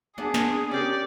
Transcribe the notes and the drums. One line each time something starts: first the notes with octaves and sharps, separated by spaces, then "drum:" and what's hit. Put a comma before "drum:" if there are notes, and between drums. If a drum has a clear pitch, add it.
B3 D4 G#4
drum: snare
C#4 G4 A#4 D5